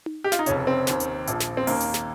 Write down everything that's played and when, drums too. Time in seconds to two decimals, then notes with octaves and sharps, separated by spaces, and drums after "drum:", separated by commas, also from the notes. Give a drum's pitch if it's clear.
0.06 drum: tom D#4
0.24 G4
0.32 F4, drum: snare
0.39 D#4
0.46 F1 F2 C#3 C#4, drum: hi-hat
0.67 C4
0.87 D#2 D#3, drum: snare
1.00 drum: hi-hat
1.27 A#1 A#2 F3, drum: hi-hat
1.40 drum: snare
1.57 C4
1.67 D#2 D#3 A#3, drum: open hi-hat
1.80 drum: hi-hat
1.94 drum: snare